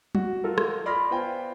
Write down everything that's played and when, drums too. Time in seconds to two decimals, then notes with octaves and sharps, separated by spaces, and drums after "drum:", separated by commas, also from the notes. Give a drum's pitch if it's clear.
0.15 F#4, drum: tom
0.44 F4 A4 A#4
0.58 drum: rim click
0.86 D5 B5 C6 F6 A#6
1.10 B3 F4 C5 G5 G#5